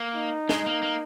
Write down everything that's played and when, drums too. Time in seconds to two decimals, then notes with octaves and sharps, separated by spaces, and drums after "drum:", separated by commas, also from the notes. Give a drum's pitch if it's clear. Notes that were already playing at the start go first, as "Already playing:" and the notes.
Already playing: A#3
0.16 D#4
0.49 G#3, drum: snare
0.66 A#3
0.83 A#3